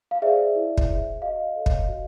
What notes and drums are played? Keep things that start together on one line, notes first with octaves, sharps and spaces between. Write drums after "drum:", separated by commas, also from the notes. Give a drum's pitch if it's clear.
F5
G#4 C5 D5 E5
E4
drum: kick
G#4 C5
F#4 D#5 F5
A4 C#5
drum: kick
F#4